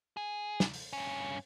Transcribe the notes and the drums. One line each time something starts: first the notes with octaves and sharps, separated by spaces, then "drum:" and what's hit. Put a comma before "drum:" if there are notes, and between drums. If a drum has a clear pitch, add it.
G#4
drum: snare
drum: open hi-hat
G2 C#4